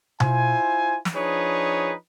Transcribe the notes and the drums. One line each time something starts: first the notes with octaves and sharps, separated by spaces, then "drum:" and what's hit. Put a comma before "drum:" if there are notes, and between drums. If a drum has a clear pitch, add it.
E4 F4 C5 G#5, drum: tom B2
drum: snare
F3 D4 D#4 G#4 B4 C#5